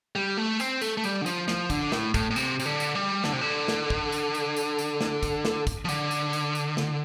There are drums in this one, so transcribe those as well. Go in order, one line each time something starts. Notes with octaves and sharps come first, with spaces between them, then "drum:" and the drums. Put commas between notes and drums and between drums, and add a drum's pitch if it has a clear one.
G3
A3
C4, drum: tambourine
A3, drum: tambourine
A3
G3, drum: tambourine
D3
F3, drum: tambourine
F3, drum: snare
D3, drum: kick, tambourine
A2, drum: snare
A2, drum: kick, tambourine
A2
C3, drum: tambourine
C3, drum: tambourine
D3
drum: tambourine
G3
D3, drum: snare
C3
D3
drum: snare
drum: kick
drum: tambourine
drum: tambourine
drum: tambourine
drum: tambourine
drum: snare
drum: kick, tambourine
drum: snare
drum: kick, tambourine
F3
D3, drum: tambourine
drum: tambourine
drum: tambourine
drum: tambourine
drum: snare